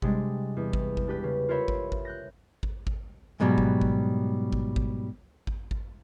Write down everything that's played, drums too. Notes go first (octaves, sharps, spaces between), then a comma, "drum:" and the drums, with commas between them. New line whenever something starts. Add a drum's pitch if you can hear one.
C3 G3 G#3 D4, drum: kick G#1
E2
drum: kick G#1
drum: kick G#1
D4 G4 B4
C#3
F4 A#4 C5 C#5 E5 B5
drum: kick G#1
drum: kick G#1
F#6 G6 A#6
drum: kick G#1
drum: kick G#1
G#2 B2 F#3 G3
drum: kick G#1
drum: kick G#1
drum: kick G#1
drum: kick G#1
drum: kick G#1
drum: kick G#1